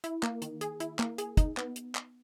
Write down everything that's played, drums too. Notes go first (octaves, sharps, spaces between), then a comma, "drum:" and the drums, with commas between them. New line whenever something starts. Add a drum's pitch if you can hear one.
E4, drum: hi-hat
A#3, drum: clap
D#3, drum: hi-hat
G#4, drum: hi-hat
E4, drum: hi-hat
A#3, drum: clap
G#4, drum: hi-hat
D#4, drum: kick, hi-hat
B3, drum: clap
drum: hi-hat
drum: clap